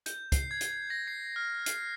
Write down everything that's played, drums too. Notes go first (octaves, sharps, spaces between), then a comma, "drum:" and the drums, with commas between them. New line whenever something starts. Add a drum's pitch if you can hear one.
G6, drum: hi-hat
C7, drum: kick, hi-hat
G#6
drum: hi-hat
A#6
C7
F6
C7, drum: hi-hat